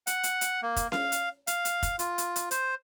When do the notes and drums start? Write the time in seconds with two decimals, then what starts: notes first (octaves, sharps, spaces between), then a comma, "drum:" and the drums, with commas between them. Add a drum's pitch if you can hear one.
0.07 F#5, drum: hi-hat
0.23 drum: hi-hat
0.41 drum: hi-hat
0.62 A#3
0.76 drum: kick, hi-hat
0.92 F5, drum: snare C#4
1.12 drum: hi-hat
1.47 F5, drum: hi-hat
1.65 drum: hi-hat
1.83 drum: kick, hi-hat
1.99 F4, drum: hi-hat
2.18 drum: hi-hat
2.36 drum: hi-hat
2.51 C5, drum: hi-hat